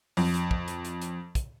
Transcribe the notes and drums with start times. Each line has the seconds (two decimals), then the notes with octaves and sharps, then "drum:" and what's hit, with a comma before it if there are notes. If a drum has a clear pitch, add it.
0.17 F2, drum: open hi-hat
0.34 drum: hi-hat
0.51 drum: kick
0.68 drum: hi-hat
0.85 drum: hi-hat
1.02 drum: hi-hat
1.35 drum: kick, hi-hat